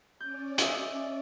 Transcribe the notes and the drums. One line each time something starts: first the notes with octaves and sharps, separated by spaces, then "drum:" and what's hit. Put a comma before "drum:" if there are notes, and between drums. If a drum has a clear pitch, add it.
C#4 D5 G6
D#5 E5, drum: hi-hat